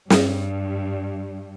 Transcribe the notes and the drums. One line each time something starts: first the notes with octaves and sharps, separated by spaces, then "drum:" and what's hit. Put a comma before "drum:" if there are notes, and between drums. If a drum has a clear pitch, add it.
G2, drum: snare